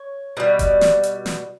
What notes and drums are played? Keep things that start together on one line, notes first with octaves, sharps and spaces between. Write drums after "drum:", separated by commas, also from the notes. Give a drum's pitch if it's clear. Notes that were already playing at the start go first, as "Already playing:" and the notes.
Already playing: C#5
B2 G3
drum: kick D#1, hi-hat
drum: snare
drum: hi-hat
drum: snare